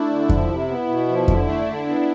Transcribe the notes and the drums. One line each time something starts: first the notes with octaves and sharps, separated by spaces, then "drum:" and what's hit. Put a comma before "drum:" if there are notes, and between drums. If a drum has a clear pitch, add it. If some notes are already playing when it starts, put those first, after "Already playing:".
Already playing: A3 D4 E4
D3
F3, drum: kick F2
C3
B3
B2
F3
D3, drum: kick F2
A3 D4
D3
B3